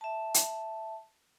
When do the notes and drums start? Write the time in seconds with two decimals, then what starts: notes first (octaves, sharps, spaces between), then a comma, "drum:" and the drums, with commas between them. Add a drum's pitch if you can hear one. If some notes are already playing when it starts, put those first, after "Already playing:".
0.01 E5 A5
0.34 drum: hi-hat